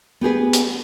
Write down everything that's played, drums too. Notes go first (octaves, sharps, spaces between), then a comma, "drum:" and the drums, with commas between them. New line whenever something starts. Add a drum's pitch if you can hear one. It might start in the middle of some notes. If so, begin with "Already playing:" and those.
B3 G4 G#4 B4
drum: hi-hat